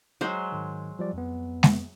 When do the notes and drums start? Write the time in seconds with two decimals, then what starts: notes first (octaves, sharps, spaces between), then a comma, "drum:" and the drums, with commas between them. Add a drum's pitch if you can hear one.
0.21 F#3 G#3 C5
0.52 G#2 D#3
0.99 F3 G3 D5
1.13 F2 B3
1.63 drum: snare G#3